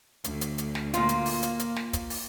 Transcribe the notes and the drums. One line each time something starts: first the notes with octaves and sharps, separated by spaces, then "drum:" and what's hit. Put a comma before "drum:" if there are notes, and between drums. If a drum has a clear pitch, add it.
D2, drum: hi-hat
drum: hi-hat
drum: hi-hat
drum: snare
A#2 A#3 F4, drum: hi-hat
drum: hi-hat
drum: open hi-hat
drum: hi-hat
drum: hi-hat
drum: snare
drum: kick, hi-hat
drum: open hi-hat